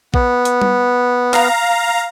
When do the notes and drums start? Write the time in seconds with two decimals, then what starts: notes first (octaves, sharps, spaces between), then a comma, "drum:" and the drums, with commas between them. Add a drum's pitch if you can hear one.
0.14 B3, drum: kick A#1
0.45 drum: hi-hat
0.62 drum: tom G3
1.34 F5 A#5, drum: clap